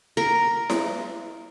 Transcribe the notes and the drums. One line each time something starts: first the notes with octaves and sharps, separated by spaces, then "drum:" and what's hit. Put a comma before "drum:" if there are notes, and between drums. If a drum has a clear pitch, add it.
A#4
drum: snare E4